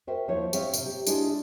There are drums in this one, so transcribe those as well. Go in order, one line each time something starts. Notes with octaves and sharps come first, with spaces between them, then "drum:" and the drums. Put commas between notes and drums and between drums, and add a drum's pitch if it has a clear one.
F#4 A#4 C5 E5 G5
D#2 F3 E4 C#5
C4 C5 C#5 E5 F5, drum: tambourine
C3 D#3, drum: tambourine
G4
G#3 D4 E4 F4 G#4 D5, drum: tambourine